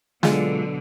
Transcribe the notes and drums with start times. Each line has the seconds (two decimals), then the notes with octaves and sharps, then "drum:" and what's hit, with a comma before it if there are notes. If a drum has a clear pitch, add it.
0.23 B2 D3 F#3 G#3 F4, drum: snare